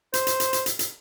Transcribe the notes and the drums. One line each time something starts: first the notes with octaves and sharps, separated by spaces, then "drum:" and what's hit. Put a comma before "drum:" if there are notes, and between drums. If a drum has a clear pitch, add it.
C5, drum: hi-hat
drum: hi-hat
drum: hi-hat
drum: hi-hat
drum: hi-hat
drum: hi-hat